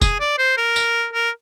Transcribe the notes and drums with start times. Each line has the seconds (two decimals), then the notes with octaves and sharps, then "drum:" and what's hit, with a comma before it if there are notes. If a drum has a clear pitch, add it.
0.02 G#4, drum: kick, tambourine
0.20 D5
0.38 C5
0.57 A#4
0.76 drum: tambourine
1.13 A#4